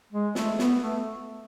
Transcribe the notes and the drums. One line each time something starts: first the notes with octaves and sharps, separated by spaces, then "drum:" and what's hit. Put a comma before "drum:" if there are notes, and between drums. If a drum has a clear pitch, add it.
G#3
A3, drum: snare
B3, drum: snare
A3